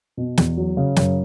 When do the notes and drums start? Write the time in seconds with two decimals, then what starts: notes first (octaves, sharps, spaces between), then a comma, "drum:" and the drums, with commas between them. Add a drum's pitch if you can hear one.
0.17 B2
0.38 E2, drum: snare
0.57 F#3
0.77 C#3
0.96 F#2, drum: snare